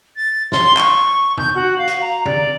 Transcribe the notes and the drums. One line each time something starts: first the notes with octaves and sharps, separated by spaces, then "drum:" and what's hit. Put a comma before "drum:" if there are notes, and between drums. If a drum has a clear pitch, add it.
A6
C6, drum: snare
C#6, drum: clap
G6, drum: tom
F#4
F5
drum: hi-hat
A#5
D5, drum: tom